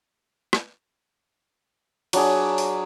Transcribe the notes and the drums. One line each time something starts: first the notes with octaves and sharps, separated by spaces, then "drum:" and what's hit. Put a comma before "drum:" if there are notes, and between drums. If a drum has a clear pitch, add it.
drum: rim click
F#3 D4 G#4, drum: cymbal
drum: open hi-hat